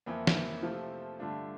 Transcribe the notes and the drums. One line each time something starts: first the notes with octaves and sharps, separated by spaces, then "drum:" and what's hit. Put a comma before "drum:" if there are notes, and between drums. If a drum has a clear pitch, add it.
F2 E3 A#3 E4
drum: snare
C3 F3 A3 C4 F4
G2 D3 A3 D4 F4